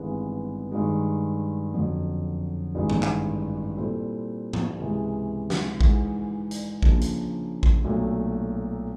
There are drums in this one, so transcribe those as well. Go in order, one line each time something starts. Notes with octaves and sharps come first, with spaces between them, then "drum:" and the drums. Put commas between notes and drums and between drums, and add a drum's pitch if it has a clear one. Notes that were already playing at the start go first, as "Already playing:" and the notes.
Already playing: G#1 G2 E3 G#3 B3
G2 D#3 G#3
F#1 F2 D3 F#3
A1 G2 D#3 G#3
drum: tom G#2
drum: clap
A#2 G3 C4 E4 A4
drum: tom G#2
C#2 C3 E3 G#3
drum: snare
G#2 E3 G#3, drum: kick A1
drum: hi-hat
C#3 F3 A#3 D4, drum: kick A1
drum: hi-hat
drum: kick A1
B1 A#2 F#3 A3